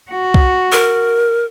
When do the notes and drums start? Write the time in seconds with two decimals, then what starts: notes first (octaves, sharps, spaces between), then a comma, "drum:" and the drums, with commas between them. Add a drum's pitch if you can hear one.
0.11 F#4
0.34 drum: kick
0.72 A#4